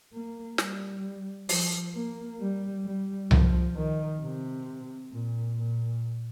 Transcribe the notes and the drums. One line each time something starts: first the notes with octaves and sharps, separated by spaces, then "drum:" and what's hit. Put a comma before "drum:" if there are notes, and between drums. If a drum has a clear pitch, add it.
A#3
G3, drum: snare
F3, drum: open hi-hat
A#3
G3
G3
F3, drum: tom C2
D#3
C3
A#2
A#2